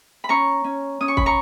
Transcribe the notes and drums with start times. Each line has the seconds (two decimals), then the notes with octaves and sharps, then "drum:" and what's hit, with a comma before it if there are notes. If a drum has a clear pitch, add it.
0.24 B5
0.29 C#4 A#5 C#6
0.64 C#4
1.01 C#4 D#6
1.08 C#6
1.17 B5, drum: kick
1.26 A#5 C#6